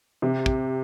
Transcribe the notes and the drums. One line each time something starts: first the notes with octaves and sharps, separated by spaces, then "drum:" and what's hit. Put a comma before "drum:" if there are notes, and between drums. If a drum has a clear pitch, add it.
C3
drum: kick